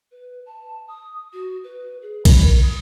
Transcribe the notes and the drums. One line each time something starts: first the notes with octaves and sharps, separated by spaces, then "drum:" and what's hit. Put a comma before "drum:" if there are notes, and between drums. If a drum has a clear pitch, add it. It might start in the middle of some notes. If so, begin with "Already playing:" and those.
B4
A5
D#6
F#4
B4
G#4
B5, drum: kick B1, cymbal
A#4
D#6